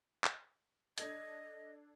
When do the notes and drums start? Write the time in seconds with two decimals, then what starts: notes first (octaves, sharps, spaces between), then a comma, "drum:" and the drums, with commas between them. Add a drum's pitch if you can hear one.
0.24 drum: clap
0.98 D4 A4 D#5 G#6, drum: hi-hat